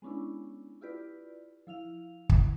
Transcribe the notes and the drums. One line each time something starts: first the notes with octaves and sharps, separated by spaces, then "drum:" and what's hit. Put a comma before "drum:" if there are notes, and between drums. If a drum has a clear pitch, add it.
G#3 B3 C#4 D4 E4
E4 F4 G4 B4 D5
F3 E4 F5 F7
drum: kick